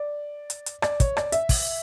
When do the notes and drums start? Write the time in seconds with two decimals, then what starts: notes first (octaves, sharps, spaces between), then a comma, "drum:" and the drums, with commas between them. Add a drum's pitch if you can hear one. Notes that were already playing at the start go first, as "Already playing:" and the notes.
Already playing: D5
0.50 drum: hi-hat
0.66 drum: hi-hat
0.82 D5, drum: rim click
1.00 C#5, drum: kick, hi-hat
1.17 D5, drum: rim click
1.32 E5, drum: hi-hat
1.49 drum: kick, open hi-hat